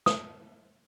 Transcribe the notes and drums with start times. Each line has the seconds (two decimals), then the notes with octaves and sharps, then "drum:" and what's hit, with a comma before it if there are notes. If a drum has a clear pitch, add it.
0.06 D#6, drum: snare